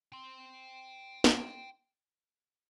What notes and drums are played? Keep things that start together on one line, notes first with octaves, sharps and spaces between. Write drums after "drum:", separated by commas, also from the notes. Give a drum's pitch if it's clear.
G5 C6
drum: snare